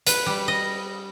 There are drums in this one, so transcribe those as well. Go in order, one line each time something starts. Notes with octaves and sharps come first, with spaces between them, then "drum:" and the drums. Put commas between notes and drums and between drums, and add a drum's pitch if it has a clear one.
B4, drum: hi-hat
G3
D#5